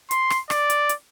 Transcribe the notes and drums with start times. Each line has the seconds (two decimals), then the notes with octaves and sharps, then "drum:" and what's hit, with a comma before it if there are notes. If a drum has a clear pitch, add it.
0.11 C6, drum: hi-hat
0.30 drum: rim click
0.50 D5, drum: rim click
0.70 drum: hi-hat
0.89 drum: hi-hat